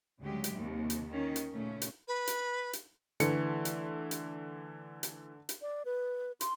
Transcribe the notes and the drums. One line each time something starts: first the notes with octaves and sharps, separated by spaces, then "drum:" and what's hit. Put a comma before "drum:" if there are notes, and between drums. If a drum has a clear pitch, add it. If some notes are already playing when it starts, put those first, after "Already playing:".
D2 C#3 F#3 G#3 G4
drum: hi-hat
D#2 C3
drum: hi-hat
D#3 C#4
drum: hi-hat
A#2 C#3 A3 C#4
drum: hi-hat
B4
drum: hi-hat
drum: hi-hat
D3 E3 A3 C#7, drum: hi-hat
drum: hi-hat
drum: hi-hat
drum: hi-hat
drum: hi-hat
D5
B4
C6, drum: hi-hat